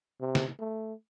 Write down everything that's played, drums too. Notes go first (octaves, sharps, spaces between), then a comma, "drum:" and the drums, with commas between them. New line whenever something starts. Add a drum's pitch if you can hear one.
C3
drum: snare
A3